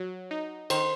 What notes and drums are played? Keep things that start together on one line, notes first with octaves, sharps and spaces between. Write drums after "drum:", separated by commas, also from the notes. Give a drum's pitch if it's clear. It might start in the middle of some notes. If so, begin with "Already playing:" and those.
Already playing: F#3
D#4
D#3 C5, drum: cymbal